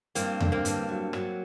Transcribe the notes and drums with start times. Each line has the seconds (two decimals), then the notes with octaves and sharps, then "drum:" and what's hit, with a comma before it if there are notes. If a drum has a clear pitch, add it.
0.15 G2 A#3 C4, drum: hi-hat
0.40 D3, drum: tom E2
0.52 A#3 C4
0.65 G2, drum: hi-hat
0.89 F#3
1.13 F#3, drum: rim click